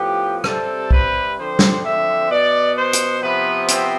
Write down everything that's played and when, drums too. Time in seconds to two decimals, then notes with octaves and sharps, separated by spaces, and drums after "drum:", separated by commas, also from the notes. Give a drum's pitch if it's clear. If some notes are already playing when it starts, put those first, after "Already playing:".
Already playing: A2 F3 B3 G4
0.44 C3 G3 C4 A4, drum: rim click
0.91 B4, drum: kick B1
1.37 D3 F3 C4 C5
1.59 drum: snare
1.83 E5
2.29 B2 B3 D5
2.76 C5
2.93 drum: hi-hat
3.22 C3 F3 B3 B4
3.68 C4, drum: hi-hat